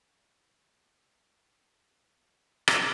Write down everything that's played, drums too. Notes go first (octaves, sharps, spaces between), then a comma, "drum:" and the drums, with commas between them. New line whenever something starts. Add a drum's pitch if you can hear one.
D#3 A#3 F#4
F#3 F4 C5
G#3
drum: rim click